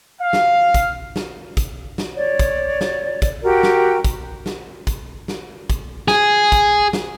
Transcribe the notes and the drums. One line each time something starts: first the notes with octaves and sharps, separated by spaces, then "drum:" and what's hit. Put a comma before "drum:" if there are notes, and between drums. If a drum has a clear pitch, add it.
F5
drum: snare
drum: kick, hi-hat
drum: snare
drum: kick, hi-hat
drum: snare
C#5 D5
drum: kick, hi-hat
drum: snare
drum: kick, hi-hat
F#4 G4 A#4 G5
drum: snare
drum: kick, hi-hat
drum: snare
drum: kick, hi-hat
drum: snare
drum: kick, hi-hat
G#4, drum: snare
drum: kick, hi-hat
drum: snare